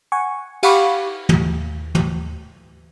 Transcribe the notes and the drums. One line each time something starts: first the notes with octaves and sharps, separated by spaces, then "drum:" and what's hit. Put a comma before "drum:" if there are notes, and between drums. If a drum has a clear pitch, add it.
F#5 G#5 C#6
G4 F5 F#5 B5 C#6 D6, drum: cymbal
D#2, drum: tom
drum: tom